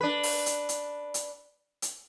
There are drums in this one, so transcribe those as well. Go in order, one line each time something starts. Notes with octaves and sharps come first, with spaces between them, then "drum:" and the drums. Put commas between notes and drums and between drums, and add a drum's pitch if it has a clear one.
D4 B4
drum: open hi-hat
drum: hi-hat
drum: hi-hat
drum: hi-hat
drum: hi-hat